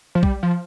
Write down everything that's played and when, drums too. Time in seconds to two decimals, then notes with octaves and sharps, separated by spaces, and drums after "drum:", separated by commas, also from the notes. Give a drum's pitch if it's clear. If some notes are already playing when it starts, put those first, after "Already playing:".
0.15 F3
0.23 G3, drum: kick
0.43 F3